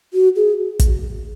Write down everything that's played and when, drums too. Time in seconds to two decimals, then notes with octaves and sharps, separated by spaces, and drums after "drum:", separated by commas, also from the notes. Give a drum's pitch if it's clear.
0.14 F#4
0.36 G#4
0.79 drum: kick, hi-hat